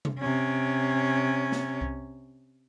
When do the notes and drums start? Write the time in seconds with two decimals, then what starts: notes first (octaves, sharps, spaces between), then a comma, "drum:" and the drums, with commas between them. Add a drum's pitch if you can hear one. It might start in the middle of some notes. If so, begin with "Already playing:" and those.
0.05 drum: tom C3
0.19 C3 C#4
1.52 drum: snare
1.81 drum: kick C2